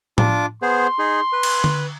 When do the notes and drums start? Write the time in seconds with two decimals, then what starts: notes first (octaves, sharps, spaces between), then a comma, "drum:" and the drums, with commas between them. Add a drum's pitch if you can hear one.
0.18 D4 F4 D6, drum: tom A2
0.62 B3 G#4 C5 C6
0.99 D#4 G#4
1.33 B4
1.43 drum: cymbal
1.64 drum: tom D3